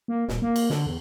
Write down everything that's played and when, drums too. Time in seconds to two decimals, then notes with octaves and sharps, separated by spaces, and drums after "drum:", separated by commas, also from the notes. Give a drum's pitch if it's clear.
0.08 A#3
0.29 D#1, drum: snare
0.42 A#3
0.56 drum: cymbal
0.70 D3, drum: snare
0.86 E2